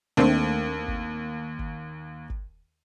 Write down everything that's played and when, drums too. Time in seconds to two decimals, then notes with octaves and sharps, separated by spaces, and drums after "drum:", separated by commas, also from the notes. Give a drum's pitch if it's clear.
0.17 D#2 A3 C4 D4
0.88 drum: kick G1
1.59 drum: kick G1
2.30 drum: kick G1